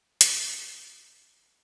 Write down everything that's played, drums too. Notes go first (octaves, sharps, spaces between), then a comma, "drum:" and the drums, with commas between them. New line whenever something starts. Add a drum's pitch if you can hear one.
G#4 C#5 D5 F#5 A5, drum: hi-hat